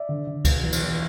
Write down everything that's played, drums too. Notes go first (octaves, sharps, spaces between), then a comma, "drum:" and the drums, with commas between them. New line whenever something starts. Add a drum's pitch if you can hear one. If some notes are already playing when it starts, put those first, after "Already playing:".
Already playing: D5 E5
D3
D3
B2, drum: kick C#2, cymbal
E2
drum: cymbal
E2